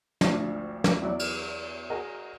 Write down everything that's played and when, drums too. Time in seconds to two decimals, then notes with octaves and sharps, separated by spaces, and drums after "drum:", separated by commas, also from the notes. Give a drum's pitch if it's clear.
0.21 G#1 D2 F3 D4 C#6, drum: snare
0.84 drum: snare
1.02 E2 F#3 E4 D5
1.19 drum: cymbal
1.90 F#4 G#4 A#4 D#5 F#5